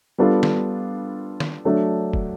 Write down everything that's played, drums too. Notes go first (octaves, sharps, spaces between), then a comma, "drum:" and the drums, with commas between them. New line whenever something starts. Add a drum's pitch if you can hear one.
G3 B3 D4 F4 A4
drum: snare
drum: snare
F#3 A3 D4
drum: kick